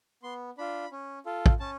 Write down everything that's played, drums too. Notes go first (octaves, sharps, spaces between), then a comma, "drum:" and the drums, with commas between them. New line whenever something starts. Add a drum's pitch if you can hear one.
B3 C6
D4 F4 B5
C#4
F4 A4
drum: kick
C#4 A5